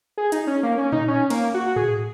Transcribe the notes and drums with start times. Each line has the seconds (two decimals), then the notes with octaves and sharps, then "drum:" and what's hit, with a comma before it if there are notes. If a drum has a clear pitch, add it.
0.18 G#4
0.32 D#4, drum: hi-hat
0.47 C#4
0.63 A#3
0.78 C#4
0.92 D#4, drum: tom A#2
1.08 C#4
1.30 A#3, drum: cymbal
1.54 F#4
1.76 G#4, drum: tom A2